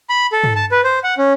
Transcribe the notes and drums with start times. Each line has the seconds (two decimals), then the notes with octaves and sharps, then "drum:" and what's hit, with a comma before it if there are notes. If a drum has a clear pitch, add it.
0.09 B5
0.32 A4
0.44 drum: tom
0.56 A5
0.71 B4
0.84 C5
1.04 F#5
1.18 C#4